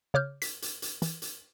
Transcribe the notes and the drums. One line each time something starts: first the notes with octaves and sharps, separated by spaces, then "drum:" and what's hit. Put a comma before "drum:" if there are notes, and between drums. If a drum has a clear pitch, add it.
C#3 C#5 D6 F6 G6
B6, drum: hi-hat
drum: hi-hat
drum: hi-hat
E3, drum: hi-hat
drum: hi-hat